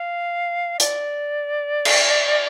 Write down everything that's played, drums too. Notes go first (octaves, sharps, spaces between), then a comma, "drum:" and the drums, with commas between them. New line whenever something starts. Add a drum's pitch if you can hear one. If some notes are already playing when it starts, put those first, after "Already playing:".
Already playing: F5
D5, drum: hi-hat
drum: cymbal